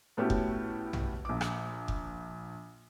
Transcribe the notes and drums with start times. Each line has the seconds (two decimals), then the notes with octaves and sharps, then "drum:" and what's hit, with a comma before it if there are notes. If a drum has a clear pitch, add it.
0.17 A2 A3 B3 C#4 F#4 G4
0.30 drum: kick F1
0.93 drum: tom A#1
1.25 A#1 D6
1.41 drum: rim click
1.88 drum: kick F1